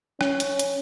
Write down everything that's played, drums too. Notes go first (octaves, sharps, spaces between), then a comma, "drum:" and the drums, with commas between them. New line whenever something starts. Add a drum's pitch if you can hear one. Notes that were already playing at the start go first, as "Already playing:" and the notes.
C#4, drum: rim click
drum: hi-hat
drum: hi-hat